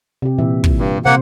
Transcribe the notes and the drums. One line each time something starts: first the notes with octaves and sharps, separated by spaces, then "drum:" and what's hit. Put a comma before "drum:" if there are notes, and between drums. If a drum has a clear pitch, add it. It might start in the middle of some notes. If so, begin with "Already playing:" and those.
C3 G4
A#2 E3 E5
drum: kick
G2
C3 A#3 C5 F#5